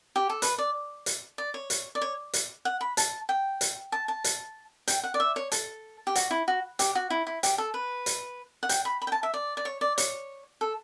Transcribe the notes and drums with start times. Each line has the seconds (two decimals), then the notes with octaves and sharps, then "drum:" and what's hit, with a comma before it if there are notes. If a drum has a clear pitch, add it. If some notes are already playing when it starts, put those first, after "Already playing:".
0.16 G4
0.30 A4
0.42 B4, drum: hi-hat
0.58 D5
1.06 drum: hi-hat
1.38 D5
1.54 C#5
1.70 drum: hi-hat
1.95 D5
2.01 C#5
2.33 drum: hi-hat
2.65 F#5
2.81 B5
2.97 A5, drum: hi-hat
3.29 G5
3.61 drum: hi-hat
3.92 A5
4.08 A5
4.24 drum: hi-hat
4.88 G5, drum: hi-hat
5.04 F#5
5.14 D5
5.20 E5
5.36 C#5
5.52 A4, drum: hi-hat
6.07 G4
6.15 F#4, drum: hi-hat
6.31 E4
6.48 F#4
6.79 G4, drum: hi-hat
6.95 F#4
7.10 E4
7.27 E4
7.43 G4, drum: hi-hat
7.58 A4
7.74 B4
8.06 drum: hi-hat
8.63 F#5
8.69 G5, drum: hi-hat
8.85 B5
9.02 B5
9.07 G5
9.12 A5
9.23 E5
9.34 D5
9.57 D5
9.65 C#5
9.81 D5
9.98 C#5, drum: hi-hat
10.61 A4